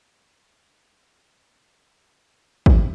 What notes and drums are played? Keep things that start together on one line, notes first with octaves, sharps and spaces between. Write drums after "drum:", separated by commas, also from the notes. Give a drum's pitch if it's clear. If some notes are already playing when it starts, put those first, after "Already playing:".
C4 G#4 C#5
drum: kick